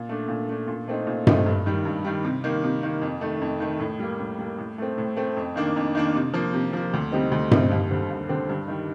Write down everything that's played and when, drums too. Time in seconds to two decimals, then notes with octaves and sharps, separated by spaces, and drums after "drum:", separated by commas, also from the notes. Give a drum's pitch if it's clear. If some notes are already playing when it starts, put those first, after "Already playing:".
Already playing: A#2
0.09 A3 D4
0.29 A#2
0.49 A3 D4
0.68 A#2
0.88 A3 C4 D#4
1.07 A#2
1.27 A3 C4 D#4, drum: tom G2
1.46 G2
1.66 D#3 G3
1.85 G2
2.05 D#3 G3
2.25 C3
2.44 D#3 A#3
2.64 C3
2.83 D#3 A#3
3.02 F2
3.21 D#3 A3
3.42 F2
3.60 D#3 A3
3.80 A2
3.99 G3 A#3
4.20 A2
4.39 G3 A#3
4.58 A2
4.78 A3 C4
4.98 A2
5.17 A3 C4
5.37 F2
5.56 D#3 A#3 D4
5.76 F2
5.95 D#3 A#3 D4
6.15 C3
6.34 F3 A#3
6.54 C3
6.73 F3 A#3
6.93 D2
7.12 C3 G3 C4 D#4
7.32 D2
7.51 C3 G3 C4 D#4, drum: tom G2
7.71 D#2
7.91 D3 G3 C4
8.10 D#2
8.29 D3 G3 C4
8.49 G2
8.68 D#3 G3